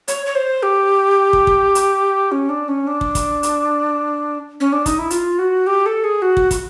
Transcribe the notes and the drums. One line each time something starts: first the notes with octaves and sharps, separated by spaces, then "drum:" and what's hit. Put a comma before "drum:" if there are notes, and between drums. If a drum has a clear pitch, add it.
C#5, drum: hi-hat
C#5
C5
G4
drum: kick
drum: kick
drum: hi-hat
C#4
D4
C#4
D4
drum: kick
drum: kick, hi-hat
drum: hi-hat
C#4
D4
D#4, drum: kick, hi-hat
E4
F4, drum: hi-hat
F#4
G4
A4
G#4
F#4
drum: kick
F#4, drum: kick, hi-hat